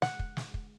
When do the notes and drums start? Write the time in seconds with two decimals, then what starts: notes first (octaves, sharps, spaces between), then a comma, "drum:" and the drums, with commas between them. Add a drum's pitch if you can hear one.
0.02 F#5, drum: snare
0.19 drum: kick
0.37 drum: snare
0.54 drum: kick